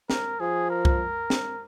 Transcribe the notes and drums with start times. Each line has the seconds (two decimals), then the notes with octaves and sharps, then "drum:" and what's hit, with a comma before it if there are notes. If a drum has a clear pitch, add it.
0.10 A#4, drum: snare
0.40 F3 G#4
0.70 A#4
0.85 drum: kick C2
1.30 drum: snare